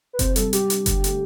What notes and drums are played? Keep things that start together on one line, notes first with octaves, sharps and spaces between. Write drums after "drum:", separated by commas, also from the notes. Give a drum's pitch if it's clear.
B4
C3 C5, drum: kick F#1, hi-hat
G3 A4, drum: hi-hat
G3 G4, drum: hi-hat
D4, drum: hi-hat
D3, drum: kick F#1, hi-hat
A3, drum: hi-hat